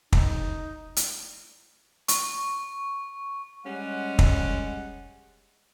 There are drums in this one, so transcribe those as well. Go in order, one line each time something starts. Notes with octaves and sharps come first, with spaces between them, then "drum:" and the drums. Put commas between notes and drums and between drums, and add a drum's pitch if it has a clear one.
D#4, drum: kick
drum: hi-hat
C#6, drum: hi-hat
G3 G#3 C#4 F#5
drum: kick